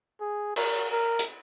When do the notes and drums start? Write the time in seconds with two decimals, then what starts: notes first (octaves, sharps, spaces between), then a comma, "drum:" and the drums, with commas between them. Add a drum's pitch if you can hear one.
0.20 G#4
0.56 A#4, drum: cymbal
0.91 A#4
1.19 drum: hi-hat